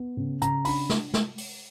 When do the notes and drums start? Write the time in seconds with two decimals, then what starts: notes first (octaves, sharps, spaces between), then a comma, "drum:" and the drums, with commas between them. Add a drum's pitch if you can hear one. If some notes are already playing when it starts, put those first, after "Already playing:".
Already playing: B3
0.17 C#3
0.42 C#3 A#5, drum: hi-hat
0.65 D4 B5, drum: open hi-hat
0.90 drum: snare
1.14 drum: snare
1.38 drum: open hi-hat